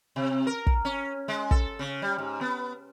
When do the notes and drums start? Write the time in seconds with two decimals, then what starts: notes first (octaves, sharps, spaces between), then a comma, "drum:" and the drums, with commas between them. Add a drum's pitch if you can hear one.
0.16 C3
0.47 A#4
0.67 drum: kick
0.85 C#4
1.28 G#3
1.51 A4, drum: kick
1.79 C#3
2.02 G3
2.18 G#2
2.41 B3